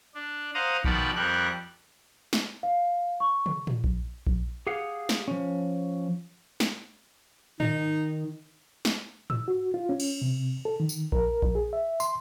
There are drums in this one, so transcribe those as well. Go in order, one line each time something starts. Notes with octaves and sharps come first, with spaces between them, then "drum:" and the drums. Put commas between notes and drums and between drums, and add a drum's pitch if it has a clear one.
D4
C5 F5 F#5 A#5 D#6
B2 D#3 F3 D5 F#5 B5, drum: kick A#1
F2 G3 G4 A#4 F#6
drum: snare
F5
C#6
drum: tom
drum: tom A2
drum: kick A#1
drum: kick A#1
G4 G#4 F5 F#5
drum: snare
F3 C#4
drum: snare
D#3 D#4, drum: tom G#2
drum: snare
E6, drum: tom G#2
F#4
F4
C#4
drum: cymbal
C3
A4
D#3
drum: tambourine
A#4, drum: kick A#1
drum: kick A#1
G#4
E5
C6, drum: tambourine